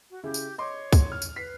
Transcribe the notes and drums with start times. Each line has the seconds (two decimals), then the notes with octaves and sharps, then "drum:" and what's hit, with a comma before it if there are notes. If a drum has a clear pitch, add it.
0.10 F#4
0.24 C#3 E4 G4
0.34 drum: tambourine
0.58 C#5 D#5 C6 D6
0.93 drum: kick, tambourine
1.12 F6
1.22 drum: tambourine
1.36 B4 B6 C7